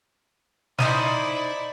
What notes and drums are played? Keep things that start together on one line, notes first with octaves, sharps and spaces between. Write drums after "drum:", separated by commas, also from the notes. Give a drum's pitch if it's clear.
D#4 E4 C5 D5 D#6, drum: snare